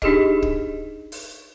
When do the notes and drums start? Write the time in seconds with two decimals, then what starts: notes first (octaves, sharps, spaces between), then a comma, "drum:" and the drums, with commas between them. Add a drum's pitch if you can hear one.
0.02 D4 D#4 G4 G#4 D#5, drum: kick
0.42 drum: kick
1.12 drum: open hi-hat